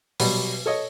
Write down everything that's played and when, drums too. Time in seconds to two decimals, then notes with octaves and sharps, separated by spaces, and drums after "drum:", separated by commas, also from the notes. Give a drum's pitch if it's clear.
0.20 B2 F#3 G3, drum: open hi-hat
0.66 A4 C#5 D#5